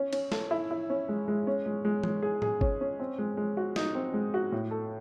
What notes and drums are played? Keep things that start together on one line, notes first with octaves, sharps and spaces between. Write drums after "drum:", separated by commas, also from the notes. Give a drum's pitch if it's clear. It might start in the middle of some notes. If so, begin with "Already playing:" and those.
Already playing: C#4
C#4, drum: cymbal
A4, drum: snare
E4
E4
C#4
G#3
G#3
C#4
G#3
G#3
G#3, drum: tom
G#4
G#4, drum: tom A2
C#4, drum: kick G1
C#4
C4
G#3
G#3
F#4
D#4, drum: snare
C4
G#3
F#4
A2
A4